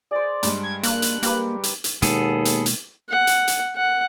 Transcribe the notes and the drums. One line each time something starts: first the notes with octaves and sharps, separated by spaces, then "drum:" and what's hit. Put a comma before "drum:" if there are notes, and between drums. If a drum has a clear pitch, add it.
G#4 C5 D5
G2 G3 G#3, drum: hi-hat
G#6
A#3 F#6, drum: hi-hat
drum: hi-hat
A#3 G4 B4 A#5, drum: hi-hat
drum: hi-hat
drum: hi-hat
D#2 B2 G#3 A#3 B3 G#4 A4, drum: hi-hat
drum: hi-hat
drum: hi-hat
F#5
drum: hi-hat
drum: hi-hat
F#5